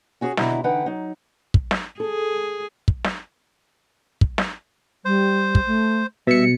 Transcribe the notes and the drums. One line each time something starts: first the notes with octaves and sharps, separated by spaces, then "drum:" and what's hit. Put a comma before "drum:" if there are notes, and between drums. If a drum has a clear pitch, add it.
C#4 F#4 G#4 C#5
D#2 B2 D3 E4 A#5, drum: snare
D3 E3 D#4 B4 F#5 G5
F#3 D#4
drum: kick
drum: snare
G#4 A4
drum: kick
drum: snare
drum: kick
drum: snare
G3 C5
drum: kick
A3
B2 G3 E5 C#7